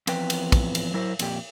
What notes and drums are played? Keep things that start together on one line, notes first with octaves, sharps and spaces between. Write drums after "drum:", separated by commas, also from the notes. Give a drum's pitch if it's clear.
E2 F3 C4 B4 G5, drum: cymbal
drum: cymbal
drum: kick, cymbal
drum: cymbal
F#3 E4 A#4 C5
F2 A#2 G4, drum: cymbal